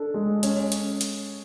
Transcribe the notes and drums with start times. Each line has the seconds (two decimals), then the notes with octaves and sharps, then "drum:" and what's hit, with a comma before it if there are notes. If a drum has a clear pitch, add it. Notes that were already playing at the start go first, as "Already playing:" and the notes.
Already playing: D4 A4
0.14 G#3
0.43 C#4, drum: hi-hat
0.72 drum: hi-hat
1.01 drum: hi-hat